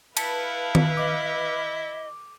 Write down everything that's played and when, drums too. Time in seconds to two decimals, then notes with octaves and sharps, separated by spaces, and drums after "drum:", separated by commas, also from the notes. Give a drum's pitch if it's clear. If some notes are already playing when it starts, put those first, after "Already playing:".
0.17 E4 B4 F5 A5 B6 C#7, drum: cymbal
0.75 drum: tom D#3
0.97 D#5 D6